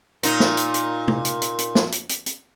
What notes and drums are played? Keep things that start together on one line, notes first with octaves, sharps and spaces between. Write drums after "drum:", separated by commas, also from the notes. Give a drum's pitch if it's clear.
A#2 D#4, drum: hi-hat
drum: snare
drum: hi-hat
drum: hi-hat
drum: tom C3
drum: hi-hat
drum: hi-hat
drum: hi-hat
drum: snare
drum: hi-hat
drum: hi-hat
drum: hi-hat